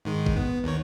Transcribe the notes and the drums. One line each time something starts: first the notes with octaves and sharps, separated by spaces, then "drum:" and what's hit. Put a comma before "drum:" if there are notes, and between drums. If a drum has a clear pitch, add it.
G#2 D#3 G#3
drum: kick G#1
B3
D#2 D#3 C#5